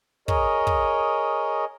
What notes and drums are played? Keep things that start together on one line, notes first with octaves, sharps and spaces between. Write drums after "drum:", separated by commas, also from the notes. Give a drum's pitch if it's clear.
G#4 A#4 C#5 D#5, drum: kick
drum: kick